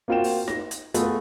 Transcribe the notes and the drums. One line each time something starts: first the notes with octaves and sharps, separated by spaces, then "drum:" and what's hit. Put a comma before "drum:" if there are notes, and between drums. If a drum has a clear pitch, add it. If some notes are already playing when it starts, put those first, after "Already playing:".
A#3 C4 F4 F#4 G5 E7
drum: open hi-hat
A#6, drum: snare D#4
drum: hi-hat
A3 B3 F4 G#4 A4, drum: hi-hat